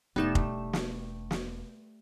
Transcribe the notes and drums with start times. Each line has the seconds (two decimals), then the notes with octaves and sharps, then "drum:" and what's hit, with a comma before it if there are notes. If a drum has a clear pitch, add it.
0.16 E1 G3 A3 B3 D#4 E7
0.35 drum: kick F1
0.73 drum: snare
1.31 drum: snare